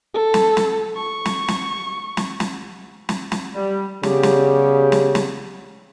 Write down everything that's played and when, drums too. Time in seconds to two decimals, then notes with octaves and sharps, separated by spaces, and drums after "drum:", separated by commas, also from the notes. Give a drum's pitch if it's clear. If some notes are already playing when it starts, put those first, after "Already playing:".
0.14 A4
0.34 drum: snare
0.57 drum: snare
0.96 C#6
1.25 drum: snare
1.48 drum: snare
2.17 drum: snare
2.40 drum: snare
3.09 drum: snare
3.32 drum: snare
3.55 G3
4.03 C#3 G3 B3 G4, drum: snare
4.23 drum: snare
4.92 drum: snare
5.15 drum: snare